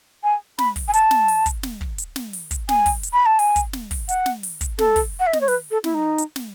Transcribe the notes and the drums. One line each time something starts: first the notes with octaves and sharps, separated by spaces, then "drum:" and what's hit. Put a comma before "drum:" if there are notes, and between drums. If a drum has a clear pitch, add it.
G#5
B5, drum: snare
drum: kick, open hi-hat
G#5
A5, drum: hi-hat
drum: snare
drum: open hi-hat
drum: kick, hi-hat
drum: snare
drum: kick
drum: hi-hat
drum: snare
drum: open hi-hat
drum: kick, hi-hat
G#5, drum: snare
drum: kick, open hi-hat
drum: hi-hat
B5
A5
G#5, drum: open hi-hat
drum: kick, hi-hat
drum: snare
drum: kick, open hi-hat
F#5, drum: hi-hat
drum: snare
drum: open hi-hat
drum: kick, hi-hat
A4, drum: snare
drum: kick, open hi-hat
F#5
E5
D#5, drum: snare
C#5
B4, drum: open hi-hat
A4
E4, drum: snare
D#4
drum: hi-hat
drum: snare